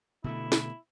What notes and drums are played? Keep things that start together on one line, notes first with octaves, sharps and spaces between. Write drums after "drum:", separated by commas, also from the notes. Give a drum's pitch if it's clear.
B2 D3 A3 E4
drum: snare